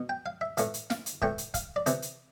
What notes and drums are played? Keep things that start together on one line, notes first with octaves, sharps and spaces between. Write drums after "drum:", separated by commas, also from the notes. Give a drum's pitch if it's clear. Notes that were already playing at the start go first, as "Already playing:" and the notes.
Already playing: B2
G5
F5
E5
A2 E3 F5, drum: hi-hat
drum: hi-hat
F5, drum: snare
drum: hi-hat
A2 E3 G5, drum: kick
drum: hi-hat
F5, drum: kick, hi-hat
D5
C3 E3 C5, drum: hi-hat
drum: hi-hat